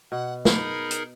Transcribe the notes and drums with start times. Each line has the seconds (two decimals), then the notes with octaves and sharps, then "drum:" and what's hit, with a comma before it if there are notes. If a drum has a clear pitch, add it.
0.12 B2 F#5
0.45 D#4 G#4 A#4 B5, drum: snare
0.91 drum: hi-hat